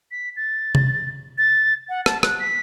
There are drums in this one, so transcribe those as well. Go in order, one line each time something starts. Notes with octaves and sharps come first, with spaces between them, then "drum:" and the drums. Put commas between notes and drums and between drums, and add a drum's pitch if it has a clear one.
B6
A6
drum: tom C3
A6
F#5
A5, drum: rim click
F#6, drum: rim click
B6